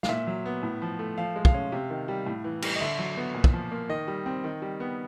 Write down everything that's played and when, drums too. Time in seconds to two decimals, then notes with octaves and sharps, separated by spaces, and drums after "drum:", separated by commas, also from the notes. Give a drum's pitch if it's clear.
0.03 F5, drum: snare
0.09 A#2 E5
0.27 F#3
0.46 B3
0.63 A2
0.82 F3
0.99 A3
1.18 F3 F5
1.36 G#3
1.45 F5, drum: kick
1.54 C#4
1.72 C3
1.90 D#3
2.08 G3
2.26 A2
2.44 E3
2.62 G3, drum: cymbal
2.76 D#5
2.80 D3 E5
2.99 F#3
3.17 B3
3.35 A#2
3.44 drum: kick
3.53 F3
3.72 A#3
3.89 D#3 D#5
4.08 G3
4.26 C4
4.44 D#3
4.62 G3
4.80 B3